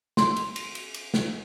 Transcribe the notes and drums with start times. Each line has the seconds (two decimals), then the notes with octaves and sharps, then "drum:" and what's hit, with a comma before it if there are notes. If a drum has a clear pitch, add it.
0.17 C6, drum: snare
0.36 drum: cymbal
0.56 drum: cymbal
0.75 drum: cymbal
0.94 drum: cymbal
1.14 drum: snare